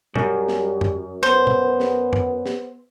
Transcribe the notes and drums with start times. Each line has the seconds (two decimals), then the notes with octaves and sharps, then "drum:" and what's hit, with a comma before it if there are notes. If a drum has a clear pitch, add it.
0.16 F#2 G3, drum: tom
0.48 drum: snare
0.81 drum: tom F2
1.23 B3 C5
1.47 drum: tom
1.80 drum: snare
2.13 drum: tom F2
2.46 drum: snare